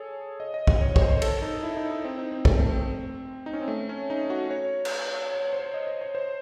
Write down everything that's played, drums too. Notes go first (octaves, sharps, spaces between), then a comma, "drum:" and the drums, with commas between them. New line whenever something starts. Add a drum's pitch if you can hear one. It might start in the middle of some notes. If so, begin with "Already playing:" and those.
Already playing: G#4 A4 C#5
D#5
D#5
D#5, drum: kick
C#5
C#5, drum: kick
C5
A4, drum: cymbal
D#4
E4
D#4
D#4
C4
D#4
C4
A3, drum: kick
A3
C4
D#4
C#4
C4
A3
C#4
D#4
F#4
C#5
drum: cymbal
C#5
C5
C#5
D#5
D#5
C#5
C5